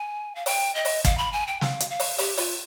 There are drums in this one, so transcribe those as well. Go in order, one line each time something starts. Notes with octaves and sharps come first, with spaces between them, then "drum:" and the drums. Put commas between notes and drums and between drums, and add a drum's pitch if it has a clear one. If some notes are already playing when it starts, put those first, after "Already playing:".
Already playing: G#5
F5
G5, drum: open hi-hat
D#5
drum: open hi-hat
F5, drum: kick, hi-hat
B5
G#5
G5
F5, drum: snare
drum: hi-hat
F5
drum: open hi-hat
G4, drum: open hi-hat
F4, drum: open hi-hat